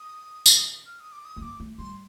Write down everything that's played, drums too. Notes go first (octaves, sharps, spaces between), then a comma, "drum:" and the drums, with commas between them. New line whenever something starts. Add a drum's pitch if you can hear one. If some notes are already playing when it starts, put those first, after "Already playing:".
Already playing: D#6
drum: tambourine
F6
D#6
D6
D#6
A3
A#3 D6
A3
G3 C6